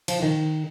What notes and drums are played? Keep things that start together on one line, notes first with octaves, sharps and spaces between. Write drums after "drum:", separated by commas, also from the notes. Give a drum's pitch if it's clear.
F3, drum: cymbal
D#3